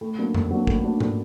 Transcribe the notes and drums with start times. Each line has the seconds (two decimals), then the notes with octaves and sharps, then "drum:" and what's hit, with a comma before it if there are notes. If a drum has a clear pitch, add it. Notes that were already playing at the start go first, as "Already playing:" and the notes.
0.01 A2
0.19 F#3 A#3 D4
0.35 A2, drum: tom F2
0.51 F#3 A#3 D4
0.67 A2, drum: kick
0.84 F#3 A#3 D4
1.00 A2, drum: tom G#2